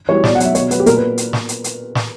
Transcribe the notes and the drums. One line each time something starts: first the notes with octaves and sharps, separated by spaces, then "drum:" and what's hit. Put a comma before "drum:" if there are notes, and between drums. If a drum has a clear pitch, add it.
E3 G3 C#5
B2 D5, drum: snare
F#5
F#3 E5, drum: hi-hat
B2 C#5, drum: hi-hat
F#3 B4, drum: hi-hat
G4
A#2 A#4, drum: hi-hat
B4
drum: hi-hat
drum: snare
drum: hi-hat
drum: hi-hat
drum: snare